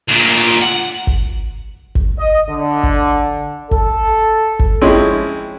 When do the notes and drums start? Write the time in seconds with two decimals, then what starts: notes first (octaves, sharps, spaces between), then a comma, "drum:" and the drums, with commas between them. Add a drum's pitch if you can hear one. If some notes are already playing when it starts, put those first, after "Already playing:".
0.08 D2 A#2
0.62 F#5
1.07 drum: kick G1
1.95 drum: kick G1
2.20 D#5
2.50 D3
2.83 drum: kick G1
3.71 A4, drum: kick G1
4.59 drum: kick G1
4.81 F3 G#3 C4 C#4 E4